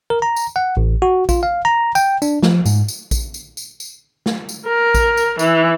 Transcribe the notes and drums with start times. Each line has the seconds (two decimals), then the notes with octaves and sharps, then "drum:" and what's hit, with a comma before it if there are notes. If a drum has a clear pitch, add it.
0.10 A#4
0.22 A#5
0.36 drum: tambourine
0.56 F#5
0.77 A1
1.02 F#4
1.29 F4, drum: kick A#1, tambourine
1.43 F5
1.65 A#5
1.95 G5, drum: tambourine
2.22 D4, drum: tambourine
2.43 F3, drum: snare
2.66 G#2, drum: tambourine
2.88 drum: tambourine
3.11 drum: kick A#1, tambourine
3.34 drum: tambourine
3.57 drum: tambourine
3.80 drum: tambourine
4.26 drum: snare
4.49 drum: tambourine
4.66 A#4
4.95 drum: kick A#1, tambourine
5.17 drum: tambourine
5.39 E3, drum: tambourine